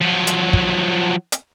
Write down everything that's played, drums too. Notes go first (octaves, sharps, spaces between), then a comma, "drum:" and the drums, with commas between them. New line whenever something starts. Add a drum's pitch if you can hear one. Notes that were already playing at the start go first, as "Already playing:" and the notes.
F3 F#3
drum: hi-hat
drum: kick
drum: hi-hat